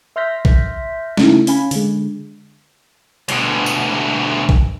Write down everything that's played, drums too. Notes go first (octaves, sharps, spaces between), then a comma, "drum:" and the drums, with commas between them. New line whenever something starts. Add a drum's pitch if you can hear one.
E5 C6 F6 G6 A#6 B6
drum: kick B1
C#3 A3 C#4 D#4 E4, drum: snare
C#4 F5 G#5 B5, drum: open hi-hat
D3 G#3, drum: open hi-hat
D2 B2, drum: hi-hat
drum: tambourine
drum: kick B1